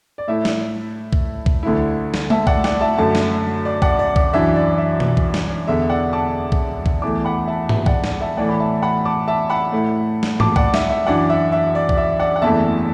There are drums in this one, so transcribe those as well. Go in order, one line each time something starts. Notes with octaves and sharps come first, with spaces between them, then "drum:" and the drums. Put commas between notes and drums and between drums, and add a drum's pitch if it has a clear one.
D5
A2 A3 E4 E5
drum: snare
drum: kick B1
drum: kick B1
D2 D3 A3 E4
drum: snare
E5 A5, drum: tom G#3
D5 F#5, drum: kick B1
D5 F#5, drum: snare
E5 A5
F#2 D3 A3 E5 A5
drum: snare
D5
D5 F#5, drum: kick B1
D5
D5, drum: kick B1
F#2 E3 D4 E5
D5
E5
drum: tom B2
drum: kick B1
drum: snare
E1 E2 D3 E5
D5 F#5
A5 D6
drum: kick B1
drum: kick B1
E2 E3 A3 A5 D6
F#5 B5
E5 A5
E5, drum: tom G#2
D5 F#5, drum: kick B1
drum: snare
E5 A5
A2 E3 A3 D5 F#5
B5
E5 A5
F#5 B5
A5 D6
E5 A5
F#5 B5
A2 A3 E4
drum: snare
A5 D6, drum: tom G#2
D5 F#5, drum: kick B1
E5, drum: snare
E5
F#2 E3 D4 D5 F#5
E5
E5
D5
D5, drum: kick B1
E5
D5 F#5
F#5
F#1 E2 E3 A3 E4 E5 A5